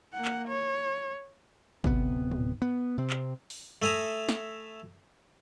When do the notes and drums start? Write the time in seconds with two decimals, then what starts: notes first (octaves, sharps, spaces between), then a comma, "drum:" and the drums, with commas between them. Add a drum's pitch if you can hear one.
0.13 A#3 F#5
0.25 drum: clap
0.48 C#5
1.84 D1 C3 B3, drum: kick
2.31 drum: tom
2.62 B3
2.98 C3 C4
3.10 drum: clap
3.50 drum: open hi-hat
3.82 A3 E5 G#5 A#5 D#6
4.29 drum: snare